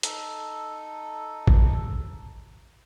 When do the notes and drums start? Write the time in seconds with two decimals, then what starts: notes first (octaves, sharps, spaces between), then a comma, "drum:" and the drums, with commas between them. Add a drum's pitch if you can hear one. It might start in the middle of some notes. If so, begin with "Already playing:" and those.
0.03 D#4 A4, drum: hi-hat
1.47 drum: kick